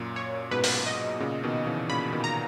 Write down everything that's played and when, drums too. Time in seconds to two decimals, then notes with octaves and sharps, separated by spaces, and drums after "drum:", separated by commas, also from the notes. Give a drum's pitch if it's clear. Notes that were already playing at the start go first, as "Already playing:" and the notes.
Already playing: F#2 A#2
0.16 C#5
0.51 G#2 B2 B4
0.64 drum: open hi-hat
0.86 D#5
1.20 A#2 C#3
1.44 B2 D#3
1.67 C#3 E3
1.89 A#2 C#3 B5
2.13 B2 D#3
2.24 A#5